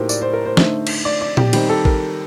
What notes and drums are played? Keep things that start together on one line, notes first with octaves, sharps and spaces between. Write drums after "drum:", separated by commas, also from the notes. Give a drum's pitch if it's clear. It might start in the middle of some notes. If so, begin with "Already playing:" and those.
Already playing: A2 F#3 A#3 D#4 G4 A#4 C5
D5, drum: tambourine
C5
A#4
C5
D3 A3 D#4 C5, drum: snare
drum: cymbal
D5
D5
G4, drum: tom A#2
D#3 G3 C4 D#4 G4, drum: cymbal
A4
A#4, drum: kick A1